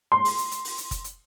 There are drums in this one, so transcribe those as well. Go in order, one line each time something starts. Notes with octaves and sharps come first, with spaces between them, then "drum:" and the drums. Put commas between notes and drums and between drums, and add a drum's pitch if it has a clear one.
C6
drum: open hi-hat
drum: hi-hat
drum: hi-hat
drum: open hi-hat
drum: hi-hat
drum: kick F#1, hi-hat
drum: hi-hat